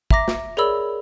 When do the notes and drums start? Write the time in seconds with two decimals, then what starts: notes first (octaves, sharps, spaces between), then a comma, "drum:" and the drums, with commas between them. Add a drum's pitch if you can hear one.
0.11 E5 A#5 D6 A#6, drum: kick
0.28 drum: snare
0.57 G#4 A#4 C#5 D5 B5 E6